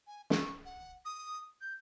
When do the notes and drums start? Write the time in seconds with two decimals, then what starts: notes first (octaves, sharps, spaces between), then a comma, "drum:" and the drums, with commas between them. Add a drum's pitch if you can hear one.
0.07 G#5
0.30 C#6, drum: snare
0.65 F#5
1.05 D#6
1.61 G6